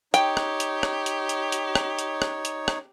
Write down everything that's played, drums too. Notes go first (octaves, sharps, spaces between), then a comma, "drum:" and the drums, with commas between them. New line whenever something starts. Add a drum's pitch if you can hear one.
D#4 G4 C#5 G5, drum: hi-hat
drum: rim click
drum: hi-hat
drum: rim click
drum: hi-hat
drum: hi-hat
drum: hi-hat
drum: rim click
drum: hi-hat
drum: rim click
drum: hi-hat
drum: rim click